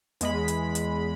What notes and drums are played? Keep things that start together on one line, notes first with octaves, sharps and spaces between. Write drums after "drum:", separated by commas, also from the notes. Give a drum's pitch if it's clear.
E2 G#3 B5, drum: hi-hat
drum: hi-hat
drum: hi-hat